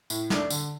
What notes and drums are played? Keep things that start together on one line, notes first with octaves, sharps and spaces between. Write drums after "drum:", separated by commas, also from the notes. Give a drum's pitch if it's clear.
A2, drum: tambourine
A3 D4, drum: snare
D3, drum: tambourine